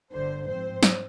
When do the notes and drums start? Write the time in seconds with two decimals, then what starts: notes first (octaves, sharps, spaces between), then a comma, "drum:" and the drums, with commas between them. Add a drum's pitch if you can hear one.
0.12 G1 G2 D3 C5
0.48 G#2 F3 C4 C5
0.83 drum: snare